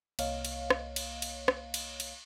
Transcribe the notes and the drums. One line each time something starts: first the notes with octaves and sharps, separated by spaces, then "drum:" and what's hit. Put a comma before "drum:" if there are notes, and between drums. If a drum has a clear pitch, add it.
C2 A#3 C#5 D#5 F5, drum: cymbal
drum: cymbal
drum: rim click
drum: cymbal
drum: cymbal
drum: rim click
drum: cymbal
drum: cymbal